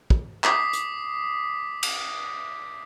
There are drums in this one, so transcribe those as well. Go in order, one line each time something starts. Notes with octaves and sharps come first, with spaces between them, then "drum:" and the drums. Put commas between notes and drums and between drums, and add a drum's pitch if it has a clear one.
drum: kick
D6 D#6 B6 C7, drum: clap
drum: hi-hat
drum: cymbal